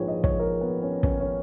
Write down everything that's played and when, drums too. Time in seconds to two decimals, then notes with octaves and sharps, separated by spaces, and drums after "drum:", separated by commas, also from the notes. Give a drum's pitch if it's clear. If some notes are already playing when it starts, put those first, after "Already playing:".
Already playing: A#1 G#2 F3 G#3 B4 C#5
0.08 D#5
0.24 C#5, drum: kick
0.39 A#4
0.61 B3
0.82 C#4
1.03 C#4, drum: kick
1.20 C#4